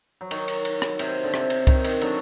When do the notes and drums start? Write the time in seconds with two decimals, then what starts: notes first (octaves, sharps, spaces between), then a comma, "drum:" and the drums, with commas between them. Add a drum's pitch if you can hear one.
0.21 F#3
0.31 D#3, drum: cymbal
0.48 drum: cymbal
0.65 drum: cymbal
0.82 drum: rim click
0.99 C3, drum: cymbal
1.24 D3
1.34 C3, drum: rim click
1.50 drum: cymbal
1.67 D#3, drum: kick C2, cymbal
1.84 D#3, drum: cymbal
2.01 D3 F#3, drum: cymbal